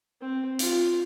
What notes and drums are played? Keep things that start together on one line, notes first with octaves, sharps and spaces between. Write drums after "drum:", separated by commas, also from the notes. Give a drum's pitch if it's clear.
C4
F4, drum: hi-hat